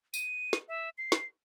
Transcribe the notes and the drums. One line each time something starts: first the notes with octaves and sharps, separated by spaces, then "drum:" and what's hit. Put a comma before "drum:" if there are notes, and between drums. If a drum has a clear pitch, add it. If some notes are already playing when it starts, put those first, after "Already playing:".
D#7, drum: tambourine
drum: snare
E5
C7
drum: snare